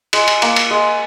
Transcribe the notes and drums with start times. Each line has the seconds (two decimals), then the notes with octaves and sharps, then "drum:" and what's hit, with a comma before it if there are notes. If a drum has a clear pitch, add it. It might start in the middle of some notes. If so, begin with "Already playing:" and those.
0.13 G#3, drum: cymbal
0.28 drum: cymbal
0.42 A#3, drum: cymbal
0.56 drum: cymbal
0.70 G#3